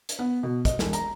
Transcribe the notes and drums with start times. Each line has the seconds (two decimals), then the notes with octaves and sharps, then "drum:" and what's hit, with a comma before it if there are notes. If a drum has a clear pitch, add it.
0.09 drum: hi-hat
0.19 B3
0.43 B2
0.65 D#5, drum: kick, hi-hat
0.79 E1, drum: snare
0.93 A#5, drum: hi-hat